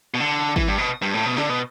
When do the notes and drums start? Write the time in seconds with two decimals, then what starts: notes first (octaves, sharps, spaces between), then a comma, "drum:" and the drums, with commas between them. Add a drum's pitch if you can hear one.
0.14 B2
0.20 D3
0.56 E3, drum: kick G#1
0.68 G2
0.78 B2
1.02 G2
1.14 A2
1.26 B2
1.37 D3, drum: snare
1.49 B2